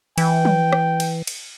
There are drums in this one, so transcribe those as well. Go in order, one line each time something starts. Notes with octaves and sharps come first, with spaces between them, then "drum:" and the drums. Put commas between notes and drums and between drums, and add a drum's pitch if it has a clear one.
E3 G5, drum: cymbal
drum: tom F3
drum: rim click
drum: cymbal
drum: cymbal